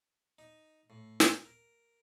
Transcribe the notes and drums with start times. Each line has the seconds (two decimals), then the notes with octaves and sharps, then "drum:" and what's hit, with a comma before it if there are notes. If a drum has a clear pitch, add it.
0.39 D#4
0.90 A2
1.20 drum: snare
1.45 A#4